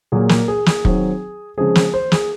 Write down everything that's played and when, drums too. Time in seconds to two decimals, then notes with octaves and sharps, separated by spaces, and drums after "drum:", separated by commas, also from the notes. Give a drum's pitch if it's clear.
0.12 A#2 F#3 A#3 G#4
0.29 A#4, drum: snare
0.48 G#4
0.66 G#4, drum: snare
0.85 D#3 F#3 C4, drum: kick
1.57 C#3 F3 G#3 C4 G#4
1.75 drum: snare
1.94 C5
2.12 G#4, drum: snare